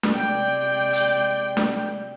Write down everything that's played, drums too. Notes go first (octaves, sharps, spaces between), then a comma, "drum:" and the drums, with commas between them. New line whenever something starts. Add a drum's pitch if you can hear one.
drum: snare D4
C3 G#3 D5 G5
drum: hi-hat
drum: snare D4